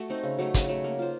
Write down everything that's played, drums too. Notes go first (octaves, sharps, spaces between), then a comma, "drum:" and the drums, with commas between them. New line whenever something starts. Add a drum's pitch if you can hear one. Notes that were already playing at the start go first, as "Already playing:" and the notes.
Already playing: A3 F#4
C4 D#4
C#3
F#3 A3 D#4
C#3, drum: kick, hi-hat
F#3 A3
A#3
F4 C5